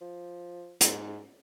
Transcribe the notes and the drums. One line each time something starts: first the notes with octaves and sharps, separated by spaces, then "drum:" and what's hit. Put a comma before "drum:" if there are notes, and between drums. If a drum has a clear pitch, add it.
F3
G#2, drum: hi-hat